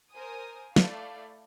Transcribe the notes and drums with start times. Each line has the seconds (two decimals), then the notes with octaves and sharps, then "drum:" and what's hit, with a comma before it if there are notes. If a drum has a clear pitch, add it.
0.13 A#4 C5 G#5 D#6
0.76 A3 E4 D5 F5, drum: snare